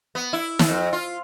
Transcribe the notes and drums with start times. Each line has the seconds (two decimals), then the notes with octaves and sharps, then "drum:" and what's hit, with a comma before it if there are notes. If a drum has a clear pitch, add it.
0.15 B3
0.33 E4
0.59 drum: snare
0.69 F2
0.93 F4